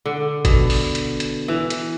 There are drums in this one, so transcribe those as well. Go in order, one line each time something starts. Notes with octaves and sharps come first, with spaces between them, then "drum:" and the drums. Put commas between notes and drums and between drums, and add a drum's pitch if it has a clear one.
D3
B2, drum: kick G#1, hi-hat
drum: open hi-hat
drum: hi-hat
drum: hi-hat
E3
drum: hi-hat